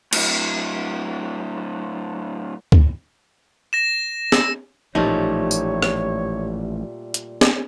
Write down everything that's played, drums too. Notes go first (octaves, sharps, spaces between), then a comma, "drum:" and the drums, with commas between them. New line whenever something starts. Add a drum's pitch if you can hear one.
A2 F#3, drum: cymbal
drum: kick
A#6 E7
E6, drum: snare
A1 A#2 F3 G3 A3 D#4 C#5
drum: tambourine
drum: rim click
drum: hi-hat
drum: snare